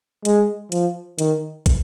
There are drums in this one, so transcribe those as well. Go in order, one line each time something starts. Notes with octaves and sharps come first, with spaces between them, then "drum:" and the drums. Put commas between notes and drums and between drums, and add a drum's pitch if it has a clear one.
G#3, drum: hi-hat
F3, drum: hi-hat
D#3, drum: hi-hat
drum: kick, hi-hat